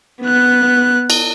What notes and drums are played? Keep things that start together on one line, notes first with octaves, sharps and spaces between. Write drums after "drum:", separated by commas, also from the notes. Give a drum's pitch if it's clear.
B3 F#6
drum: cymbal